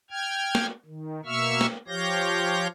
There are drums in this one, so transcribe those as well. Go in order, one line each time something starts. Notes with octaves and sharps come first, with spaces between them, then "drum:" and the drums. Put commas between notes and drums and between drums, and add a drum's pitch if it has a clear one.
G5 F6 G#6
drum: snare
D#3
B2 A#3 E5 C#6 E6 F6
drum: snare
F3 G4 C#5 F5 G6 A#6